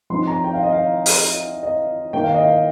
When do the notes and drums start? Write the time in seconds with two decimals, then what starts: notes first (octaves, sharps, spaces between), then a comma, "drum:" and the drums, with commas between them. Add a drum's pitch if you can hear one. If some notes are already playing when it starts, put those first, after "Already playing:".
0.10 F3 C4 D#4 C6
0.27 A#5
0.44 G5
0.54 F5
0.63 D#5
0.73 F5
1.06 drum: open hi-hat
1.63 D#5
2.13 D#3 A#3 D#4 G5
2.24 F5
2.34 D#5
2.44 F5